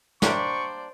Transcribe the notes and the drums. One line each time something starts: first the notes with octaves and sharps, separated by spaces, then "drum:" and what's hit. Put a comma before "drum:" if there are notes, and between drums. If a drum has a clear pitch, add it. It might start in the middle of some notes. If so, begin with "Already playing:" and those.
G3 A#3 D4 C5 D5 C#6, drum: snare